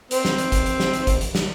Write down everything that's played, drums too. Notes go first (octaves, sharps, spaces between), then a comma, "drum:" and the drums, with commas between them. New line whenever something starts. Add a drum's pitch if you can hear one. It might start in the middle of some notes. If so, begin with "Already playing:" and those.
C4, drum: hi-hat
drum: snare
drum: hi-hat
drum: kick G1, hi-hat
drum: hi-hat
drum: snare
drum: hi-hat
drum: kick G1, hi-hat
drum: hi-hat
drum: snare